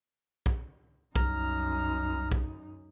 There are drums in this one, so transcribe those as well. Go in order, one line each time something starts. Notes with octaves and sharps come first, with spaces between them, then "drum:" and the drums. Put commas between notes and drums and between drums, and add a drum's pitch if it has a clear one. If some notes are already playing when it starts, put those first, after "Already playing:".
drum: kick
C2 F#2 D#4 A#5 F6, drum: kick
drum: kick